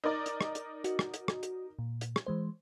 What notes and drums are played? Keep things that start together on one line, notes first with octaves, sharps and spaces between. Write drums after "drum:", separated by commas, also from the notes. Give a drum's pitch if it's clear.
D#4 A#4 D5
drum: hi-hat
drum: rim click
drum: hi-hat
F#4, drum: hi-hat
drum: rim click
drum: hi-hat
drum: rim click
drum: hi-hat
A#2
drum: hi-hat
drum: rim click
E3 G#3 C5